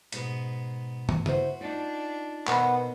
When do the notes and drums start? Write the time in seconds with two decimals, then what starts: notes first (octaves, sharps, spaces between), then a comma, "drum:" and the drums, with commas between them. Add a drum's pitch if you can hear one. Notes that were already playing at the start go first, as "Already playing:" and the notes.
0.13 G#2 B2 B3, drum: hi-hat
1.09 drum: tom
1.26 E4 F#4 C5, drum: tom C#3
1.61 D4 D#4 F4
2.47 B2 D#3 B3 C5 F#5, drum: clap